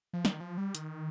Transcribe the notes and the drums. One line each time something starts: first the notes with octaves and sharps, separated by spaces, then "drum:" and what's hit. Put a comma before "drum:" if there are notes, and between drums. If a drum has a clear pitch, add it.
F3
D#3, drum: snare
F3
G3
D#3, drum: hi-hat